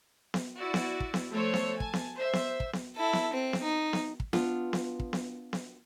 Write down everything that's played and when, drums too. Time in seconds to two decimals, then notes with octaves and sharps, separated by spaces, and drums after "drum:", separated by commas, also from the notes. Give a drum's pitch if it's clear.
0.34 drum: snare B3
0.59 E4 F#4 D5
0.74 drum: snare B3
1.00 drum: kick
1.14 drum: snare B3
1.31 F3 A3 A4 C5 C#5
1.54 drum: snare B3
1.80 G#5 A5, drum: kick
1.93 drum: snare B3
2.14 C5 E5
2.33 drum: snare B3
2.60 drum: kick
2.73 drum: snare B3
2.97 E4 A4
3.13 drum: snare B3
3.33 C4
3.53 drum: snare B3
3.63 D#4
3.93 drum: snare B3
4.20 drum: kick
4.33 B3 D4 F4, drum: snare B3
4.73 drum: snare B3
5.00 drum: kick
5.13 drum: snare B3
5.53 drum: snare B3